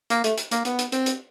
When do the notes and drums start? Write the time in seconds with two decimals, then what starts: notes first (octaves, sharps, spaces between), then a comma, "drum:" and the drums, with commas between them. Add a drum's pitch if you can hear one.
0.10 A#3, drum: hi-hat
0.24 A3, drum: hi-hat
0.38 drum: hi-hat
0.51 A#3, drum: hi-hat
0.65 B3, drum: hi-hat
0.79 drum: hi-hat
0.92 C4, drum: hi-hat
1.06 drum: hi-hat